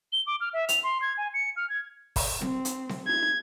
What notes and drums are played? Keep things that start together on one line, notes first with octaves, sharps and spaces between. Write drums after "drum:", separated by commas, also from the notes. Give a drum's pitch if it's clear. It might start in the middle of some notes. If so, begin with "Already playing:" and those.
G7
D6
F6
E5
F7, drum: hi-hat
C6
G#6
G#5
C#7
F6
G#6
drum: kick, open hi-hat
C4, drum: snare C4
drum: hi-hat
drum: snare C4
G#6